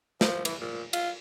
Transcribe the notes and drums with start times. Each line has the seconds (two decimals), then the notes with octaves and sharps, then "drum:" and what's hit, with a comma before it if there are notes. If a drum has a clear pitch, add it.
0.21 F3, drum: snare
0.45 E3, drum: cymbal
0.60 A#2
0.93 F4, drum: cymbal